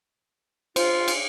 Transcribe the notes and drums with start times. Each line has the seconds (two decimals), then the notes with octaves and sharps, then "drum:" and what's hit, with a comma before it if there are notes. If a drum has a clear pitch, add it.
0.76 F4 C5, drum: cymbal
1.08 drum: cymbal